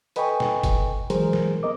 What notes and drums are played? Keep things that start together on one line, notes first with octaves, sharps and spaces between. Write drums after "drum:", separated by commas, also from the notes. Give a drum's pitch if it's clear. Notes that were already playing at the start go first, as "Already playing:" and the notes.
A4 B4 D#5 G5 G#5 C#6, drum: hi-hat
drum: snare
drum: kick G1, hi-hat
E3 F#3 G#3 G#4 A#4 C5, drum: hi-hat
drum: snare
B3 A#4 D#5 D6